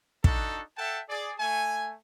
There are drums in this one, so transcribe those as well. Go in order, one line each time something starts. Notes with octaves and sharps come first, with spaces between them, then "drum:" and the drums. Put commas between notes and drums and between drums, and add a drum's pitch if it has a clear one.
D4 D#4 F#4 A4, drum: kick
A4 E5 F#5 G5 A5
G#4 D5
A3 G#5